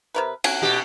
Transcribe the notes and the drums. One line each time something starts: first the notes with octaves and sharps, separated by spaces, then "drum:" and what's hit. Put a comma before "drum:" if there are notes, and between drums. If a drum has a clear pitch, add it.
C3 A#4 B4
C#4 F#5 G#5, drum: cymbal
B2 G4